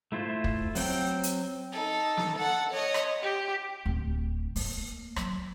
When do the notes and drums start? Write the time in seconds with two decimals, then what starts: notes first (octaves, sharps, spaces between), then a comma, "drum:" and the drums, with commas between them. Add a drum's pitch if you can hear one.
0.12 A3 E4 F4 C5
0.44 drum: kick
0.75 F#3 C4 G5, drum: open hi-hat
1.23 drum: hi-hat
1.72 D#4 A4
2.17 drum: snare
2.36 A4 F#5
2.71 C#5 D#5
2.94 drum: rim click
3.22 G4
3.86 D1
4.56 A#3, drum: open hi-hat
5.16 F#3, drum: rim click